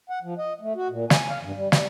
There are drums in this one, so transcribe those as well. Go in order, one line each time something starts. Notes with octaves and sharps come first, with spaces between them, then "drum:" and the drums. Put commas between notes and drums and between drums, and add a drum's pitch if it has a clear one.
F#5
F3
D#5
A3
F#4
A#2
G#5, drum: snare
F5
G2
G3
G3, drum: snare